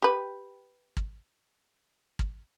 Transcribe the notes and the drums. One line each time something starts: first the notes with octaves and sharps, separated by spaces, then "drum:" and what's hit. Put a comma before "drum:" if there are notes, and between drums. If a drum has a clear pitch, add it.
G4 B4
drum: kick
drum: kick